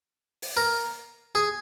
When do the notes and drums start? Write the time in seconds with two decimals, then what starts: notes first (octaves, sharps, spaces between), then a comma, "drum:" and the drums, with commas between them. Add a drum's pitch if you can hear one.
0.42 drum: open hi-hat
0.57 A#4
1.35 G#4